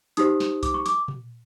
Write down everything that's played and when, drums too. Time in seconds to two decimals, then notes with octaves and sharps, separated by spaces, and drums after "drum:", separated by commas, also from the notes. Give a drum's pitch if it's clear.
0.17 D#4 G4 C5 D#6, drum: hi-hat
0.40 drum: snare
0.63 D6, drum: kick C2, hi-hat
0.74 C#6
0.86 D6, drum: hi-hat
1.08 drum: tom A#2